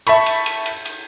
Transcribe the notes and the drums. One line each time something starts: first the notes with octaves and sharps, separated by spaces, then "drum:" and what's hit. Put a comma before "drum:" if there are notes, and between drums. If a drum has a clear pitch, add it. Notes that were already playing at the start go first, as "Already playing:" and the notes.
E5 A5 B5 C#6, drum: cymbal
drum: cymbal
drum: cymbal
drum: cymbal
drum: cymbal